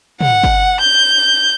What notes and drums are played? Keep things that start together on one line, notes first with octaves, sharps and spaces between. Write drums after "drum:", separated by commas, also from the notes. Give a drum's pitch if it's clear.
F#5, drum: tom
drum: kick
G6